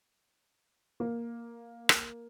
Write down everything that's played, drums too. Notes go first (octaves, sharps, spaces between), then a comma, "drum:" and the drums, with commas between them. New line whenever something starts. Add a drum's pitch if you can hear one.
A#3
drum: rim click